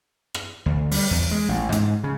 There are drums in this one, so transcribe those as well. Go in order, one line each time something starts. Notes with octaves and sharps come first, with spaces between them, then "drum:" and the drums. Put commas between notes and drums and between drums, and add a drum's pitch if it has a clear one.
drum: rim click
D2
G3, drum: open hi-hat
E2
G#3
A1
G#2, drum: hi-hat
C#3